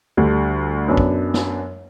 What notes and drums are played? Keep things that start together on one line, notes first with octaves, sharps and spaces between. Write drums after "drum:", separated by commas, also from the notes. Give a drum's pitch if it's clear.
D2 D3 G3
F#2 F#3 B3 D4
drum: kick
drum: snare